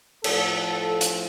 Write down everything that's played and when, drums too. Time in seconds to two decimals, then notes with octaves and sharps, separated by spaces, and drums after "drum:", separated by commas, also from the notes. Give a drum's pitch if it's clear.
0.24 A2 F3 A4, drum: cymbal
1.01 drum: hi-hat